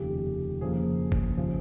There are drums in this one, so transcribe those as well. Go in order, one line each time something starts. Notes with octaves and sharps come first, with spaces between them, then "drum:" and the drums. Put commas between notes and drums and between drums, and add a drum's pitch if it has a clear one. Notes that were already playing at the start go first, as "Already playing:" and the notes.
Already playing: F1 D#2 C#3 G4
F2 C#3 F3 A#3 G#4
drum: kick G1
C#3 F3